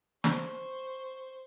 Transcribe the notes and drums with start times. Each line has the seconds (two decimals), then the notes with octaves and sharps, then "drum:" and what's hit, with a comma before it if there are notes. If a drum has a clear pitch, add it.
0.24 C5 C#6, drum: snare